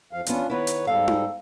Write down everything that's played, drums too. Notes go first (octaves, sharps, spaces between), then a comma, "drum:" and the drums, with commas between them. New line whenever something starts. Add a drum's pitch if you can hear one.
F2 F3 F5
E2 B3 C#4 D4 F4, drum: hi-hat
D#3 B3 E4 B4 C#5
drum: hi-hat
G#2 G3 A4 F5
drum: tom D#4